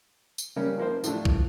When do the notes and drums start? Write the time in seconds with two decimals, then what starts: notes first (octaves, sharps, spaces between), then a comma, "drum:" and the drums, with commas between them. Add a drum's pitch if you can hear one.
0.38 drum: tambourine
0.56 C#3 G3 A#3 C#4
0.77 F3 A#3 C5
1.04 A2 F3 A3 D4, drum: tambourine
1.25 drum: kick A#1